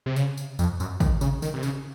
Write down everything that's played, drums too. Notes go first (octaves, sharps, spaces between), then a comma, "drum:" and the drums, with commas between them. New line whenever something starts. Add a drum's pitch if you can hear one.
C3
C#3, drum: tambourine
drum: tambourine
F2, drum: tambourine
F#2, drum: tambourine
D#3, drum: kick, tambourine
C#3, drum: tambourine
D#3, drum: tambourine
C3
C#3, drum: tambourine